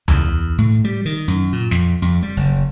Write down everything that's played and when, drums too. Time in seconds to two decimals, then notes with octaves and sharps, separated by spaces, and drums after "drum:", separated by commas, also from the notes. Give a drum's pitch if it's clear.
0.08 E2, drum: tom C#2
0.58 A2
0.84 G3
1.05 D#3
1.28 F#2
1.52 A#2
1.71 F2, drum: snare
2.02 F2
2.23 G3
2.37 F#1